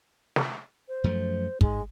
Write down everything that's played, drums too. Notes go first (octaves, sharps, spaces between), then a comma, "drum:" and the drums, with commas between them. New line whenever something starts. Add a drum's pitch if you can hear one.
drum: snare
C5
F#2 F3 A3
G#2 G#3, drum: kick